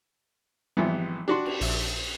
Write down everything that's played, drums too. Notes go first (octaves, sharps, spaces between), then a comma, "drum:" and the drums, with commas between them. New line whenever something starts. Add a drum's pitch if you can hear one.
G#1 E3 F3 G3 B3
D4 F#4 G4 C6
drum: cymbal
A#1 E5, drum: open hi-hat